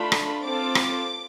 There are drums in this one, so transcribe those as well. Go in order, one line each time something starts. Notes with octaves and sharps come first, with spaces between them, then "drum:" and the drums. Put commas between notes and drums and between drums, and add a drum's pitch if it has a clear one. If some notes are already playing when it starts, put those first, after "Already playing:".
Already playing: A3 D4 F4 B5
drum: rim click
C4 F4 A4 D6
drum: rim click